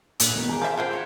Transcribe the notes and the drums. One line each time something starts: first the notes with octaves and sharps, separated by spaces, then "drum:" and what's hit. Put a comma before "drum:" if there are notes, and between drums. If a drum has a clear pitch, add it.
A#1 A2 B4 E5, drum: hi-hat
E1 E2 D#3 A#3
A2 A#3 G4 G#4 G#5 A#5
F3 E5
F4 G#4 A#4 C5 F#5 G5
F#4 C#5 E5